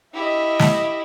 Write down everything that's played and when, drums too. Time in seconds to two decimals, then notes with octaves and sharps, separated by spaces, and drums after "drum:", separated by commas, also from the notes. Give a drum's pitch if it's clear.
0.14 E4 G4 D#5 E5
0.59 drum: snare